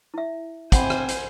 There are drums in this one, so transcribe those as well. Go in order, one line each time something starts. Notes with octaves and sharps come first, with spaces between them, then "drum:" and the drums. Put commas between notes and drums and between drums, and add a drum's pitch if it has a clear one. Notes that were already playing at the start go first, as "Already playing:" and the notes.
E4 E5
C3 C5 F#5 G#5 B5, drum: kick, hi-hat
drum: rim click
drum: hi-hat